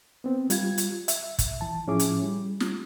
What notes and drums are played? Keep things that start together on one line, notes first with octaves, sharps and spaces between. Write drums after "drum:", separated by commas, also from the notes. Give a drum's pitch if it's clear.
B3 C4
G3 F4 G#6, drum: hi-hat
drum: hi-hat
E5, drum: hi-hat
drum: kick, hi-hat
E3 A5
A2 F3 C#4 E4 G#4 D6
drum: hi-hat
G3
drum: snare